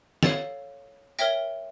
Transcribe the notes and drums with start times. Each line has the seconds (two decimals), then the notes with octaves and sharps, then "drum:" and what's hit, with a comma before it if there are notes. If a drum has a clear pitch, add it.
0.23 A4 C#5 F5 A6, drum: snare
1.19 A#4 C#5 E5 G5 A#6, drum: tambourine